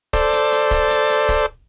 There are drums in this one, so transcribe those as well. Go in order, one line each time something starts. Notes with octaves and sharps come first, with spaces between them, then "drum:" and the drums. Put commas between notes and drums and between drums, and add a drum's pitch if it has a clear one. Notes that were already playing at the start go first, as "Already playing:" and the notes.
A4 C5 D5, drum: kick, hi-hat
drum: hi-hat
drum: hi-hat
drum: kick, hi-hat
drum: hi-hat
drum: hi-hat
drum: kick, hi-hat